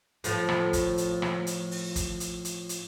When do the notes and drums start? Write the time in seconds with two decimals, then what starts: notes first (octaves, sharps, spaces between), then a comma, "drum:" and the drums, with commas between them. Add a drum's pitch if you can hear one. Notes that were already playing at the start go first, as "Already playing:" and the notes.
0.24 A2 F3, drum: hi-hat
0.49 drum: rim click
0.73 drum: kick, hi-hat
0.98 drum: hi-hat
1.22 drum: rim click
1.47 drum: hi-hat
1.71 drum: open hi-hat
1.96 drum: kick, hi-hat
2.20 drum: hi-hat
2.45 drum: hi-hat
2.69 drum: hi-hat